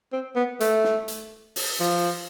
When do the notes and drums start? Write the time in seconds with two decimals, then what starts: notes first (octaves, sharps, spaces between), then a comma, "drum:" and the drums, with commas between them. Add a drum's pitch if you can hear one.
0.12 C4
0.36 B3
0.60 A3, drum: hi-hat
0.84 drum: snare
1.08 drum: hi-hat
1.56 drum: open hi-hat
1.80 F3